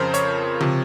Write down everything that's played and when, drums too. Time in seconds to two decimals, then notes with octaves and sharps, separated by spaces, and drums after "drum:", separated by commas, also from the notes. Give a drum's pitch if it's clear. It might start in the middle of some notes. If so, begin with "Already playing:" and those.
Already playing: F2 C#3 F3 A#4 C5
0.14 C#5, drum: hi-hat
0.60 C3 F3, drum: tom C#3